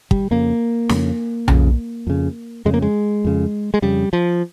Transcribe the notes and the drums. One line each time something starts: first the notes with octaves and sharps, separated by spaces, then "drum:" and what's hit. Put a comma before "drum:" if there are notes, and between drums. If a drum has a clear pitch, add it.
G3, drum: kick
F2 C#3 A#3
F2 C#3, drum: snare
F2 C#3, drum: tom B1
F2 C#3
F2 C#3 G#3
A#3
G#3
F2 C#3
G#3
F2 C#3 G3
F3